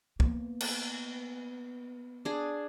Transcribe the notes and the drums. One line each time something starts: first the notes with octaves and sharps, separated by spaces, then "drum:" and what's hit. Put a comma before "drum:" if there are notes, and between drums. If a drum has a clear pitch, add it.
A#3 B3, drum: kick
drum: cymbal
D4 G#4